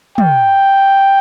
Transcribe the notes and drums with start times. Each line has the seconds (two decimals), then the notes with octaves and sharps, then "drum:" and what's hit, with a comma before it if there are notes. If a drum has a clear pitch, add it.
0.18 G5, drum: tom